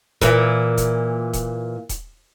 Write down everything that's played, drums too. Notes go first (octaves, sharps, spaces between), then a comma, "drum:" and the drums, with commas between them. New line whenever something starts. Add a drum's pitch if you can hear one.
A#2 E3, drum: kick D#1, hi-hat
drum: kick D#1, hi-hat
drum: kick D#1, hi-hat
drum: kick D#1, hi-hat